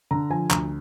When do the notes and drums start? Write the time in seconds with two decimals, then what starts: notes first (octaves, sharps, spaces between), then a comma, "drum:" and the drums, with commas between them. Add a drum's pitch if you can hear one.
0.11 D3 A#5
0.30 F3 G#5
0.50 D2 A#5, drum: clap